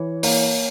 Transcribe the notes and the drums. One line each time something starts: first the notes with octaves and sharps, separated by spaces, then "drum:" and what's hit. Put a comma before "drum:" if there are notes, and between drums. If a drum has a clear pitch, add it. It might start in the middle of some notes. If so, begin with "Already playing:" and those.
Already playing: E3 C#5
A#3 C#5, drum: open hi-hat